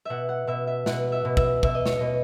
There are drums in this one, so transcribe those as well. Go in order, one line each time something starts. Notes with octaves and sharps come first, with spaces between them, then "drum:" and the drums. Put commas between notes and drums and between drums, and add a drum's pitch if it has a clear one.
B2 E5 F#5
F#5
B2 E5
E5
B2 F#5, drum: snare
E5
B2
E5, drum: kick
B2 E5, drum: kick
D#5
C#5, drum: snare
B2 D#5